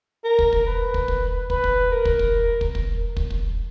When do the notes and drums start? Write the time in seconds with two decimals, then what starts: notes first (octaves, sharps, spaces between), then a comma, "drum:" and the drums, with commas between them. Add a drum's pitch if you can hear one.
0.24 A#4
0.39 drum: kick
0.53 drum: kick
0.66 B4
0.94 drum: kick
1.08 drum: kick
1.50 B4, drum: kick
1.64 drum: kick
1.91 A#4
2.05 drum: kick
2.19 drum: kick
2.61 drum: kick
2.75 drum: kick
3.17 drum: kick
3.30 drum: kick